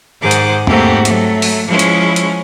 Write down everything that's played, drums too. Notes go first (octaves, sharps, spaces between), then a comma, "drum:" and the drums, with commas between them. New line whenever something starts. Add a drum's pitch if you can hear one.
G#2 D#3 G#4 C5 F#5 D6
drum: hi-hat
G#2 A3 A#3 C4 F#4 G4, drum: tom E2
F#3 A3, drum: hi-hat
drum: open hi-hat
F3 G#3 C#4 E4
drum: hi-hat
drum: hi-hat